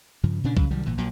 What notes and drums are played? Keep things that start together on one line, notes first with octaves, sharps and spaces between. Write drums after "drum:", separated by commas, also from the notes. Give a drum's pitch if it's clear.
G2 C#3 F3
A#2 C#3 C#4 D4
C#3 F#3, drum: kick
C2 D#3 F#3 G3
G#1 A#2 E3
A#1 A#2 F#3